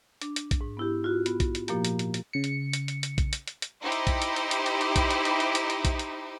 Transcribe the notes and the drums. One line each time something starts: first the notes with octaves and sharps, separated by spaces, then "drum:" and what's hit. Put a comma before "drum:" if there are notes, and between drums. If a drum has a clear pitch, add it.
D4, drum: hi-hat
drum: hi-hat
drum: kick A#1, hi-hat
G#2
B3 E4 G4
F4 F#4
B3, drum: hi-hat
drum: kick A#1, hi-hat
drum: hi-hat
A#2 F3 A#3 G4, drum: hi-hat
drum: hi-hat
drum: hi-hat
drum: hi-hat
C#3 C#7
drum: hi-hat
drum: hi-hat
drum: hi-hat
drum: hi-hat
drum: kick A#1, hi-hat
drum: hi-hat
drum: hi-hat
drum: hi-hat
D#4 E4 G4 C5
drum: hi-hat
drum: kick A#1, hi-hat
drum: hi-hat
drum: hi-hat
drum: hi-hat
drum: hi-hat
drum: hi-hat
drum: kick A#1, hi-hat
drum: hi-hat
drum: hi-hat
drum: hi-hat
drum: hi-hat
drum: hi-hat
drum: kick A#1, hi-hat
drum: hi-hat